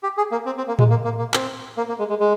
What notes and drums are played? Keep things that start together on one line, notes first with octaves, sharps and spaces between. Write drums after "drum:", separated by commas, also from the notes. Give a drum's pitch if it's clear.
G4
G#4
A#3
C4
C4
A#3
G#3, drum: tom A2
A#3
A#3
A#3
C4, drum: clap
A#3
A#3
G#3
G#3
G#3